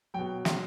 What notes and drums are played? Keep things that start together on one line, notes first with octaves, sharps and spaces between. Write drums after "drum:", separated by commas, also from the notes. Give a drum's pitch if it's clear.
B2 F#3 G5
C6, drum: snare